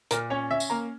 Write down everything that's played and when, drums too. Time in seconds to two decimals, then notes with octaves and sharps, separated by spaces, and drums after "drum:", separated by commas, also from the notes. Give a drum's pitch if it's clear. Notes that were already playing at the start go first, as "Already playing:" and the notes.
0.11 A#2 A#4, drum: hi-hat
0.30 C#4 C#5
0.51 C#4 E5
0.60 drum: tambourine
0.70 A#3 A#5